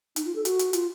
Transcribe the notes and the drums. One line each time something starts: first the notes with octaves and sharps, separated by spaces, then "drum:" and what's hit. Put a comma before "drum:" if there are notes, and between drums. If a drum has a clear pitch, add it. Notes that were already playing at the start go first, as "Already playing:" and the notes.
D#4, drum: hi-hat
F4
A4
F#4, drum: hi-hat
drum: hi-hat
F4, drum: hi-hat